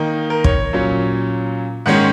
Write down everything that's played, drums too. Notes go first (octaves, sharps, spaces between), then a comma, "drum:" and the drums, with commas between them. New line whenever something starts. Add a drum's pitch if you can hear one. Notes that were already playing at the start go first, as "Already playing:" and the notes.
Already playing: D#3 A#3 D#4
A#4
C#5, drum: kick
A#2 F#3 C#4
G#2 D#3 G#3 C#4 F#5